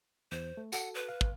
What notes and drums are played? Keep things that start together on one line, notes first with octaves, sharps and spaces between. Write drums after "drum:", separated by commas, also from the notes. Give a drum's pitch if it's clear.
E2 C5
A3
F#4 A4 F#5, drum: tambourine
B4
F5
drum: kick